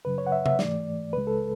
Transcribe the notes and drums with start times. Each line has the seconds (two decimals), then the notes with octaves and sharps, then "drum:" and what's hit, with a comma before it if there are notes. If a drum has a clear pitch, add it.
0.05 F#2 C#3 F#3 B4
0.18 C#5
0.27 F#5
0.32 E5
0.46 E5, drum: tom C3
0.59 G#2 E3 A3 D5, drum: snare
1.13 C#2 C#3 G#3 B4
1.27 A4